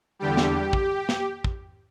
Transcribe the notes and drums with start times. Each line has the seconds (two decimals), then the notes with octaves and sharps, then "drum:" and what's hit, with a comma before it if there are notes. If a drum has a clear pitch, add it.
0.19 E2 D3 G3 G4
0.37 drum: snare
0.73 drum: kick
1.09 drum: snare
1.44 drum: kick